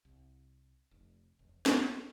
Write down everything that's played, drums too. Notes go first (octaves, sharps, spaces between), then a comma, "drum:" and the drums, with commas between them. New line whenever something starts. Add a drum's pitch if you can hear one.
C2
F1
E1
drum: snare